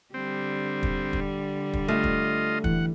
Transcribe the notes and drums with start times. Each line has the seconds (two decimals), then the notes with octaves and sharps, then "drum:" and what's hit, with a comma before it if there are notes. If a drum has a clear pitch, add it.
0.14 D3 G3 C4
0.83 drum: kick
1.13 drum: kick
1.73 drum: kick
1.88 A3 F4 D#5
2.04 drum: kick
2.64 E3 F#5, drum: kick